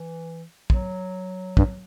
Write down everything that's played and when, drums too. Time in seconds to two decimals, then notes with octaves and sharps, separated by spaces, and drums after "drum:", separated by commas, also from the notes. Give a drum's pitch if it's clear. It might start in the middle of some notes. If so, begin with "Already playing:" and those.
Already playing: E3
0.70 F#3, drum: kick
1.57 G2, drum: kick